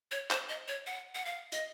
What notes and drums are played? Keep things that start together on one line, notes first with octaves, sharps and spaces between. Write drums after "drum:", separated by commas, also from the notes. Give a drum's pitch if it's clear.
C#5
C5, drum: clap
D#5
C#5
F#5
F#5
F5
D#5, drum: hi-hat